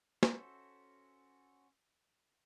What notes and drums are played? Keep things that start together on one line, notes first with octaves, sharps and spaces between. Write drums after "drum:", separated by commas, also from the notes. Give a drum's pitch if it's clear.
C#4 F#4 A4 C5 E5, drum: snare